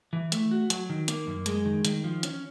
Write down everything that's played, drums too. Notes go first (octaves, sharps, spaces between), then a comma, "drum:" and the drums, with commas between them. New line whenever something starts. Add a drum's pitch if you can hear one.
E3
A3, drum: hi-hat
F#4
F#3, drum: hi-hat
D#3
A#3, drum: hi-hat
F#2
G#3, drum: hi-hat
D#3
D#3, drum: hi-hat
F3
C#4, drum: hi-hat